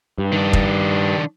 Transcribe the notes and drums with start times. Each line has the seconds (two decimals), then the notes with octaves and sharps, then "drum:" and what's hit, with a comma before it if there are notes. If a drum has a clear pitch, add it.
0.18 G2
0.32 D#3 D4
0.53 drum: kick